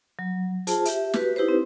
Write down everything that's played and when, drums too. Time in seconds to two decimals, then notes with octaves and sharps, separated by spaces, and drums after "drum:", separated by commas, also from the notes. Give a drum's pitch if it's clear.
0.19 F#3
0.67 F4 G#4 C5 A5, drum: hi-hat
0.85 G4 E5, drum: hi-hat
1.14 F#4 G4 B4, drum: snare
1.36 D#4 E4 G4 B4 C5
1.48 C4